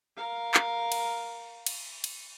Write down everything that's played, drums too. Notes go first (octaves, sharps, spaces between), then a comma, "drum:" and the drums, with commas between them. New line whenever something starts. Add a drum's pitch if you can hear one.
A#4 F5
drum: clap
drum: cymbal
drum: cymbal
drum: cymbal